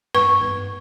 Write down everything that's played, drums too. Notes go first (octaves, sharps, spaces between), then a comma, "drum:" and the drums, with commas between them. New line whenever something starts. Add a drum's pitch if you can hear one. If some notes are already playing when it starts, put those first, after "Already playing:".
B4 C#6, drum: tom
drum: tom